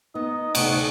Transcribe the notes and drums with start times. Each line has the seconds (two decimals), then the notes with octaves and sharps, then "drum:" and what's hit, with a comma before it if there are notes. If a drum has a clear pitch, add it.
0.15 B3 D#4 D#5
0.55 D2 C3 B3 F#4, drum: cymbal